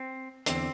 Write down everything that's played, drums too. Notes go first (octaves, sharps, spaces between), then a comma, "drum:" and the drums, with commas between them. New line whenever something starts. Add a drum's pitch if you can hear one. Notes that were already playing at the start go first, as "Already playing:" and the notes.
Already playing: C4
E2 D3 C4, drum: hi-hat